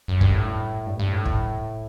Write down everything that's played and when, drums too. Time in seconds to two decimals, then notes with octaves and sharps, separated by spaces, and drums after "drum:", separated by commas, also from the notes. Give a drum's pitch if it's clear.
0.08 F#2
0.21 G2, drum: kick
0.34 A2
0.86 G2
0.99 G2
1.12 A2
1.25 drum: kick